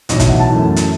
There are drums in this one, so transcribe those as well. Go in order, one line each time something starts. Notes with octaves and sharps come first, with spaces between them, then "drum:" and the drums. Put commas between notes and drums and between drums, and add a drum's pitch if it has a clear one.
B1 A2 E3 B3 D#4 D#5, drum: hi-hat
E5, drum: kick, hi-hat
F#5
A5
F#2 E3 A3
drum: hi-hat